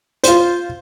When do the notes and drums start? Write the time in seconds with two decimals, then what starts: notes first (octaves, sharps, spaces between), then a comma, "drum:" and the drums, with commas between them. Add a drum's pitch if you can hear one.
0.24 F4 C5, drum: hi-hat